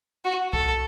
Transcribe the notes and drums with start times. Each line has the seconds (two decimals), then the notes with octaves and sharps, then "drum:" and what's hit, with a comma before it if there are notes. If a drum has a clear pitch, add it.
0.25 F#4
0.53 A4, drum: kick C2